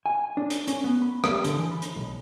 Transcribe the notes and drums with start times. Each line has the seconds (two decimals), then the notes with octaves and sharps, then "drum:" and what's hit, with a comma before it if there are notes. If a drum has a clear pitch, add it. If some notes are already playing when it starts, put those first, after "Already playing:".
0.06 G#5
0.37 D4
0.50 drum: hi-hat
0.68 C#4, drum: hi-hat
0.84 B3
1.02 B5
1.24 G3, drum: rim click
1.44 D3, drum: hi-hat
1.58 E3
1.72 B5
1.82 drum: hi-hat
1.96 B1